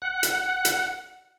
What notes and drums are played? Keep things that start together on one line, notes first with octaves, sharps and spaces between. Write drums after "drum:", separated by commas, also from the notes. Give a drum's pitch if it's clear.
F#5
drum: hi-hat
drum: hi-hat